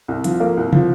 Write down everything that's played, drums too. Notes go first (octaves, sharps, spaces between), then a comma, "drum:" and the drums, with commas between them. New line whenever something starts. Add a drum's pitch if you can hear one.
C2
F3, drum: hi-hat
A#3
C2
F3, drum: tom